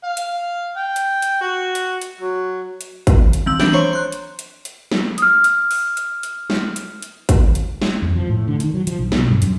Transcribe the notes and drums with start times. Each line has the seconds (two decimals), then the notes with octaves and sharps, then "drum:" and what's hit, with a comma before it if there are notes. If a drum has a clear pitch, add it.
0.04 F5
0.17 drum: hi-hat
0.77 G5
0.96 drum: hi-hat
1.22 drum: hi-hat
1.41 F#4
1.75 drum: hi-hat
2.02 drum: hi-hat
2.20 F#3
2.81 drum: hi-hat
3.07 drum: kick, hi-hat
3.33 drum: hi-hat
3.46 D#3 F3 C4 E6 F#7
3.60 E3 D4 G6 D7 F#7, drum: snare
3.73 C5 C#5 A#5 C6 C#6
3.93 C6 F#6
4.12 drum: hi-hat
4.39 drum: hi-hat
4.65 drum: hi-hat
4.92 drum: snare
5.18 D#6 F6, drum: hi-hat
5.44 drum: hi-hat
5.71 drum: open hi-hat
5.97 drum: hi-hat
6.23 drum: hi-hat
6.50 drum: snare
6.76 drum: hi-hat
7.02 drum: hi-hat
7.29 drum: kick, hi-hat
7.55 drum: hi-hat
7.82 drum: snare
8.02 F2
8.16 F3
8.29 A2
8.48 D3
8.60 D#3, drum: hi-hat
8.74 F#3
8.87 F3, drum: hi-hat
8.99 B1
9.12 B2, drum: snare
9.30 G2
9.42 F#2, drum: hi-hat